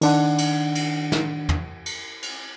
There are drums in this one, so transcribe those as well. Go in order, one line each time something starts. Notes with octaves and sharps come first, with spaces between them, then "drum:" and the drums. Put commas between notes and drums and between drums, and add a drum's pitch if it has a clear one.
D#3 D4 F#5, drum: cymbal
drum: cymbal
drum: cymbal
drum: snare
drum: tom
drum: cymbal
drum: cymbal